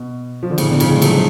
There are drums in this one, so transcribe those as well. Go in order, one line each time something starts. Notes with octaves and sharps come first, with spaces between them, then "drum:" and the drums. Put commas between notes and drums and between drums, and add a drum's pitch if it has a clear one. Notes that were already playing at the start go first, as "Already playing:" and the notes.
Already playing: B2
F3
D3
A2 C#3, drum: cymbal
B2 D3
C#3 F3, drum: cymbal
F3 G#3
F#3 A3, drum: cymbal